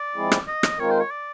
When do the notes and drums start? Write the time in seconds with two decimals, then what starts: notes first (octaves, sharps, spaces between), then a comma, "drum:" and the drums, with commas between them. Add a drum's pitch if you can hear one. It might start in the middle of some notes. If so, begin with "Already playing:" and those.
Already playing: D5
0.16 F3 G#3 C4 E4 G#4
0.32 drum: rim click
0.47 D#5
0.63 drum: rim click
0.79 D#3 G#3 C4 F4 A#4 C#5
0.90 C5
1.00 C#5
1.11 D5